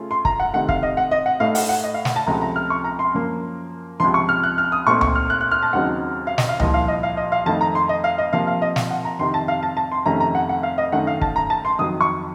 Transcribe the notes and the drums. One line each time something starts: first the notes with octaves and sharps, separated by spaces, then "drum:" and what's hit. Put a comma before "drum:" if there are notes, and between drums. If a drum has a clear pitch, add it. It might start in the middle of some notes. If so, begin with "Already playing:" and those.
Already playing: C#3 A3 C#4 F4
C6
A#5, drum: kick
F#5
C3 D#3 A3 F#5
F5, drum: kick
D#5
F#5
D#5
F#5
A2 A3 D#4 F5
F#5, drum: open hi-hat
F#5
D#5
F5
F#5, drum: snare
A5
C#2 C3 F3 A3 A#5
A#5
F6
C#6
A#5
C6
F#2 F3 A#3
C#2 C3 F3 C6
C#6
F6
F#6
F6
D#6
A#2 A3 C4 D#4 C#6
C#6, drum: tom C#2
F6
F#6
F#6
F6
A5
D#2 C#3 F#3 C4 D#4 F#5
F5
D#5, drum: snare
F5
C2 A#2 F3 D#5, drum: tom C#2
F5
D#5
F5
D#5
F5
F2 D#3 A3 D#4 A5
A#5
C6
D#5
F5
D#5
C3 F3 A#3 F5
F5
D#5
F5, drum: snare
F#5
A#5
F2 C3 D#3 C6
A5
F5
A5
A5
C6
F2 C3 D#3 A3 C#4 A#5
A#5
F#5
F#5
F5
D#5
F#2 D#3 A3 D#4 F#5
F5
A5, drum: kick
A#5
A5
C6
F2 D#3 F#3 D#6
C#6